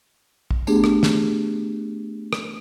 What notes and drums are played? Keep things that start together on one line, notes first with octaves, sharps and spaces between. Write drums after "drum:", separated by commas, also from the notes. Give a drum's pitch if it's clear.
drum: kick
A3 B3 D4 G4 G#4, drum: tambourine
drum: rim click
drum: snare
drum: rim click